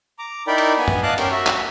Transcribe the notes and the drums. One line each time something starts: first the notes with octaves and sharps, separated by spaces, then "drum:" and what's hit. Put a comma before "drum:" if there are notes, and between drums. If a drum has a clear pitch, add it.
A#5 D6
D#4 E4 A#4 D5 G5 B5
drum: cymbal
B3 G#5
drum: tom F#2
D#5 F5 A5 D6 F#6
C#4 G4 A#4, drum: cymbal
F#4 E5
drum: clap